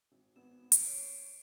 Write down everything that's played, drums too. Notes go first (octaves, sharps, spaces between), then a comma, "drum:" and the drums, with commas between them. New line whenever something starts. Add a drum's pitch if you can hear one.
G#1
G#1 B3 E7
A#5 C7 D7, drum: hi-hat
C#5